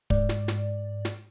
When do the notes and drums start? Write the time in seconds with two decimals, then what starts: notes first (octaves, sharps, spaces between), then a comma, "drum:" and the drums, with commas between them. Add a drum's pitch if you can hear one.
0.10 G#2 D5, drum: kick
0.29 drum: snare
0.48 drum: snare
1.05 drum: snare